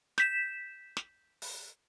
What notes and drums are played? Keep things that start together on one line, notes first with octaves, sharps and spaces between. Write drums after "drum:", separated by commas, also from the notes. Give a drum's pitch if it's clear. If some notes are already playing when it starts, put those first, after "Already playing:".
G6 B6 E7, drum: snare
drum: snare
drum: open hi-hat